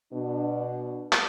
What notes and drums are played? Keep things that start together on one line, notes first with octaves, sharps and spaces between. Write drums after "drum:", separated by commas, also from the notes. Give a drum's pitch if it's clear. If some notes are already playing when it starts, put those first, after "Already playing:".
B2 D4
drum: clap